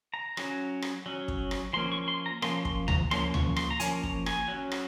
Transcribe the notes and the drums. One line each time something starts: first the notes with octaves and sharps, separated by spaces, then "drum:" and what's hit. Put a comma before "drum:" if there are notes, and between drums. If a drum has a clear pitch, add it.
A#5
F#3 C#4, drum: rim click
drum: rim click
F#3 C#4
drum: kick
drum: rim click
F3 A#3 C#4 C6
C#6
C6
A#5
F3 A#3 C#4 C6, drum: rim click
C6, drum: kick
A#5, drum: tom D2
F3 A#3 C#4 C6, drum: rim click
C#6, drum: tom D2
C6, drum: rim click
A#5
F3 A#3 C#4 G#5, drum: hi-hat
A#5, drum: kick
G#5, drum: rim click
F#3 C#4
drum: rim click